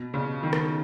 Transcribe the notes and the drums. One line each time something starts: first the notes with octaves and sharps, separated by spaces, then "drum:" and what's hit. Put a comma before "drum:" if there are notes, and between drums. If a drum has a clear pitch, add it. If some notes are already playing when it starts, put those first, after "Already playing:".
Already playing: B2
C#3
D#3
drum: rim click